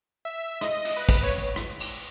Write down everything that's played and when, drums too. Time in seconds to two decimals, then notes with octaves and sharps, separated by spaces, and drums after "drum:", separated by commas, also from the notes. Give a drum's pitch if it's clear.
0.25 E5
0.61 D#5, drum: rim click
0.85 drum: cymbal
0.97 B4
1.09 drum: kick, cymbal
1.23 C#5
1.56 drum: rim click
1.80 drum: cymbal